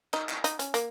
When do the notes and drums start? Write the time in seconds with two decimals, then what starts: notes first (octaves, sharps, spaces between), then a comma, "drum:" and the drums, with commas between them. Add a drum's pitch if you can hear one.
0.13 D#4, drum: clap
0.29 drum: clap
0.44 D#4, drum: hi-hat
0.59 C#4, drum: hi-hat
0.74 A#3, drum: hi-hat